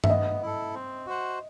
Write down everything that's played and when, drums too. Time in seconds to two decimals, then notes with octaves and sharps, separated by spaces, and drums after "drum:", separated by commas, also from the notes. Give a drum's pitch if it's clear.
0.04 E5, drum: tom G2
0.10 B3 D#5
0.42 E4 A4
0.74 C4
1.06 F#4 C5 F#5